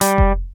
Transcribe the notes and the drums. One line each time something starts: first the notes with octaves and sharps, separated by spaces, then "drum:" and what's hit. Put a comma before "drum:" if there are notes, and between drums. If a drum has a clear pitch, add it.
G3, drum: hi-hat
drum: kick F1